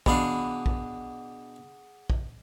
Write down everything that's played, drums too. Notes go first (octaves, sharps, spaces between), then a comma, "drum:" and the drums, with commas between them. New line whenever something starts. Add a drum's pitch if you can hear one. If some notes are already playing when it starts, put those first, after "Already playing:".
B2 D4 G#4 F5 F#5 B5 D#6, drum: kick
drum: kick
drum: kick